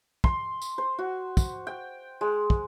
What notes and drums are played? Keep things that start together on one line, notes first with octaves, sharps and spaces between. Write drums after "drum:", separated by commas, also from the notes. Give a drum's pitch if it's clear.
C6, drum: kick
drum: tambourine
C5
F#4
drum: kick, tambourine
G5
G#3
drum: kick